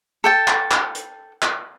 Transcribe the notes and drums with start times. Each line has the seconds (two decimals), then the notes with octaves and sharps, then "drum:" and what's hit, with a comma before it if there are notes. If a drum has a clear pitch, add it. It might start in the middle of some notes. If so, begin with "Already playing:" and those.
0.24 A4 G5 A5
0.48 drum: clap
0.71 drum: clap
0.95 drum: hi-hat
1.42 drum: clap